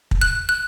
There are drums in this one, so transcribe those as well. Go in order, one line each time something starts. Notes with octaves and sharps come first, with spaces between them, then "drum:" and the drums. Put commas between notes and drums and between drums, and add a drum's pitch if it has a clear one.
drum: kick
F#6
F#6